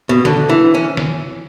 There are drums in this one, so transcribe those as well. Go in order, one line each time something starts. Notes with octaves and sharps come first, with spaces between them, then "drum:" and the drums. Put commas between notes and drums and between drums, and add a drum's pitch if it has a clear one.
B2
D3, drum: snare D#3
E3
C#4
drum: snare D#3